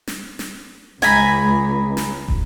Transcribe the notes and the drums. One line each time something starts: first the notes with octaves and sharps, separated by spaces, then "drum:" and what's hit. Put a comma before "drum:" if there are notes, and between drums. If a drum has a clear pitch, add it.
drum: snare
drum: snare
C#2 G#5 A#5 B5, drum: snare
drum: snare
drum: kick